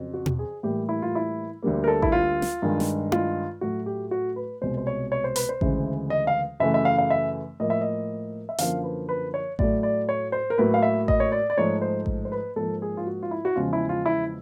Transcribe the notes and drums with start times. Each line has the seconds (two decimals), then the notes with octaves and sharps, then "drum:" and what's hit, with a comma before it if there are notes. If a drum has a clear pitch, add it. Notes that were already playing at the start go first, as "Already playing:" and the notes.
Already playing: F2 C#3 F#3
0.14 F#4
0.26 drum: tom B2
0.39 G#4
0.63 A2 E3 G3 A#3 G4
0.89 E4
1.02 F4
1.15 E4
1.63 D2 D3 G3 A#3
1.84 A#4
1.88 A4
2.02 E4, drum: kick A1
2.12 F4
2.42 drum: snare
2.62 G2 D#3 G#3
2.80 drum: snare
3.12 F4, drum: tom E4
3.61 A2 F#3 A3 F#4
3.86 G4
4.11 F#4
4.36 B4
4.61 C2 B2 G#3 C5
4.77 C5
4.87 C#5
5.12 C#5
5.24 C5
5.36 B4, drum: hi-hat
5.49 C5
5.61 D2 C#3 E3 G#3, drum: kick A1
6.10 D#5
6.27 F5
6.60 F#2 C#3 E3 A3 E5
6.74 E5
6.85 F5
6.98 F5
7.10 E5
7.60 A2 F3 A#3 D#5
7.70 E5
7.81 D#5
8.49 E5
8.58 F#2 D3 F3 A#3 F5, drum: hi-hat
8.84 B4
9.09 B4
9.34 C#5
9.59 A2 F#3 A3 D5, drum: kick A1
9.83 D5
10.09 C#5
10.32 C5
10.50 A#4
10.58 A2 F#3 A#3 B4
10.74 F5
10.83 E5
11.08 D#5, drum: kick A1
11.20 C#5
11.32 D5
11.50 D5
11.57 G#2 F3 A3 C#5
11.82 C5
12.06 drum: kick A1
12.25 C5
12.32 B4
12.56 G#2 F3 A#3 A4
12.82 G#4
12.97 F4
13.07 F#4
13.23 F4
13.31 E4
13.45 F#4
13.56 E2 C#3 F3 G#3 F4
13.73 E4
13.89 F4
14.06 E4